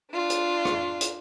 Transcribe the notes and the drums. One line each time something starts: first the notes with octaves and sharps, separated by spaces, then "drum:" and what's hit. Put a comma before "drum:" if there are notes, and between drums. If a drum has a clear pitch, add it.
D4 F4
drum: hi-hat
drum: rim click
drum: hi-hat